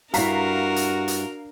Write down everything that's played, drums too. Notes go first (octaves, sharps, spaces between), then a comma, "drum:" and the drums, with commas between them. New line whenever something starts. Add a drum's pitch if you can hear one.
G2 D4 E4 F#4 A#4 F5 A#5 B6, drum: hi-hat
drum: hi-hat
drum: hi-hat